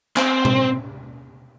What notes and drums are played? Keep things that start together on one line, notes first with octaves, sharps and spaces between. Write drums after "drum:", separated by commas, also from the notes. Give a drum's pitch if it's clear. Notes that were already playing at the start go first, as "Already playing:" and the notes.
C4, drum: clap
drum: tom B2